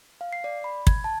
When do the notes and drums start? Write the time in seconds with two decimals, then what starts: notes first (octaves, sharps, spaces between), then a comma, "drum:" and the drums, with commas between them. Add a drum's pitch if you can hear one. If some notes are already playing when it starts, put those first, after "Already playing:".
0.21 F5
0.33 C7
0.44 D5
0.64 B5
0.87 G#6, drum: kick
1.04 A5